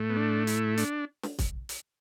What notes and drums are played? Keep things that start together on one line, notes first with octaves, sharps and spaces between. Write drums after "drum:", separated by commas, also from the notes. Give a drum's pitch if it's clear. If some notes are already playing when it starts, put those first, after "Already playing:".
Already playing: A2 A3
B3
D4
E4, drum: hi-hat
D4, drum: hi-hat
drum: snare
drum: kick, hi-hat
drum: hi-hat